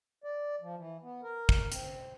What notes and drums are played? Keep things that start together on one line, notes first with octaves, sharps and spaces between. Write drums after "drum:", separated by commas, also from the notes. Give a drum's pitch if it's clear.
D5
F3
E3
B3
A#4
drum: kick
C4, drum: hi-hat